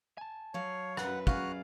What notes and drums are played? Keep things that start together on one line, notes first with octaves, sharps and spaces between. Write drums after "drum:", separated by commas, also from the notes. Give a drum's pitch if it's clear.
G#5 A5
F#3 C#5 F5
F#2 B4 F#5, drum: rim click
F#3 C#4 F#4 G#4 D5 F5 F6 F#6, drum: kick